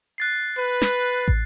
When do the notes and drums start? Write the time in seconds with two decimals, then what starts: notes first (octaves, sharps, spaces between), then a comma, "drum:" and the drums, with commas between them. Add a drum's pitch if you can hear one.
0.18 F#6 A6 C7
0.58 B4
0.82 drum: snare
1.28 drum: kick